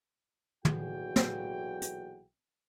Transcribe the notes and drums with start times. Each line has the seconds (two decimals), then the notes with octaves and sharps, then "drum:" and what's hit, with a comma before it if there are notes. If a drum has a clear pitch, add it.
0.65 B1 A#2 E3 F#4 G#4 G5, drum: tom
1.16 drum: snare
1.82 drum: hi-hat